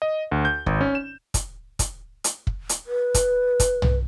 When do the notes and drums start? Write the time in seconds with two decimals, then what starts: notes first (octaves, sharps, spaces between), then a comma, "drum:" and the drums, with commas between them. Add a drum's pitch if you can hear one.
0.02 D#5
0.32 D2
0.45 G6
0.66 G#1, drum: kick
0.81 C#4
0.95 E7
1.34 drum: kick, hi-hat
1.79 drum: kick, hi-hat
2.24 drum: hi-hat
2.47 drum: kick
2.69 drum: hi-hat
2.87 B4
3.14 drum: kick, hi-hat
3.60 drum: kick, hi-hat
3.82 drum: tom